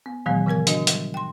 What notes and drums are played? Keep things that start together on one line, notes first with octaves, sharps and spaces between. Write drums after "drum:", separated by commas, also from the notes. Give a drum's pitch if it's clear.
B3
A#2 D#3 E3 F#3 G#3 B3
C#3 E3 B3 A#4 G#6
D4 F#4 D#5, drum: hi-hat
G3, drum: hi-hat
G5 C6